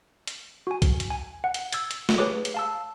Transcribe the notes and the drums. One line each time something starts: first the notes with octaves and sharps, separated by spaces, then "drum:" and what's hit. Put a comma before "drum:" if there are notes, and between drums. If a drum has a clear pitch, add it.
drum: hi-hat
F#4 G#5
drum: kick B1, hi-hat
drum: hi-hat
G#5
F#5
drum: hi-hat
E6 G#6 A6, drum: hi-hat
drum: hi-hat
drum: snare
G4 G#4 B4 C#5 D6
drum: hi-hat
F5 A5 E6